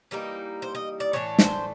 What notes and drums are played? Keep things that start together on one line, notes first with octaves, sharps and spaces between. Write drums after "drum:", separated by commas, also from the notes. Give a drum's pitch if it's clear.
E3 G3 A#3 D#4
C5
D#5
D5
A2 E3 A3 D4 C#5
C5, drum: snare